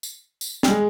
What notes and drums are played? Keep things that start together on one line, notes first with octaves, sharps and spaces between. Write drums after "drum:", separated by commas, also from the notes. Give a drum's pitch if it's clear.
drum: tambourine
drum: tambourine
G3, drum: snare
G#3 G#4